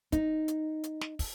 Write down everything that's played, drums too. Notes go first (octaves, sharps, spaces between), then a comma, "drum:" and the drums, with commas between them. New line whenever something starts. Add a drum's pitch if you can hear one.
D#4, drum: kick, hi-hat
drum: hi-hat
drum: hi-hat
drum: snare
drum: kick, open hi-hat